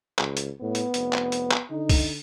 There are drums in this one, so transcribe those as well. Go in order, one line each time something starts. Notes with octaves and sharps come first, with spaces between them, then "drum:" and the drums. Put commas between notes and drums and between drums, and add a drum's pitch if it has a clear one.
C#2, drum: clap
drum: hi-hat
A2 B3
drum: hi-hat
F1, drum: hi-hat
drum: clap
drum: hi-hat
drum: clap
D3 D#4
drum: kick, open hi-hat